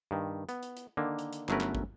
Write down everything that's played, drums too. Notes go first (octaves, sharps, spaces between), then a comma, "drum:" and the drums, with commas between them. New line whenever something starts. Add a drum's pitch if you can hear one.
G2 D#3
B3, drum: hi-hat
drum: hi-hat
drum: hi-hat
D3 D#3 A#3
drum: hi-hat
drum: hi-hat
G1 F#3 A3 C#4 A#4 B4, drum: clap
drum: clap
drum: kick